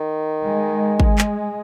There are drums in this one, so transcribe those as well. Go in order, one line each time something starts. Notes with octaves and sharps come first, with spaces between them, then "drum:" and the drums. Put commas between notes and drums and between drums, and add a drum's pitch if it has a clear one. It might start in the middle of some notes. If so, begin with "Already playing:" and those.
Already playing: D#3
G#3
drum: kick G#1
drum: clap